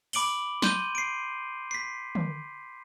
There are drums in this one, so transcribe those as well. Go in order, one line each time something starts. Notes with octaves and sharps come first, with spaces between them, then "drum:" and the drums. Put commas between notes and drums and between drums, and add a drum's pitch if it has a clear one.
B5 D6 D7 F#7 G7, drum: open hi-hat
C6 G6 D#7 G7, drum: snare
C7 D7
B6 C7
drum: tom